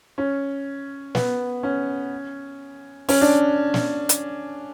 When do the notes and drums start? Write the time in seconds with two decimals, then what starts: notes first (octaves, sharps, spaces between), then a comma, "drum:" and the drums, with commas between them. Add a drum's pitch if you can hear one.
0.18 C#4
1.15 B3, drum: snare
1.63 C#4
3.09 C#4, drum: open hi-hat
3.21 D4
3.74 drum: snare
4.09 drum: hi-hat